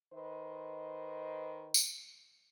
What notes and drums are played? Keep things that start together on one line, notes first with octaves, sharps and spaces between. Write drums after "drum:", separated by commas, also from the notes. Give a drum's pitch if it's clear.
D#3 B4 C5 D#5
drum: tambourine